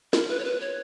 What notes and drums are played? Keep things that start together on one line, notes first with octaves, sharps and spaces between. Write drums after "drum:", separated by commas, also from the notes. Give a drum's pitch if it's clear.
A#4, drum: snare
B4
C#5
B4
C#5